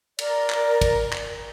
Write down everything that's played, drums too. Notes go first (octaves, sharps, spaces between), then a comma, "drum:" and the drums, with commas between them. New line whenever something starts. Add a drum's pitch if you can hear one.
A#4 D5, drum: cymbal
drum: clap
drum: kick, cymbal
drum: clap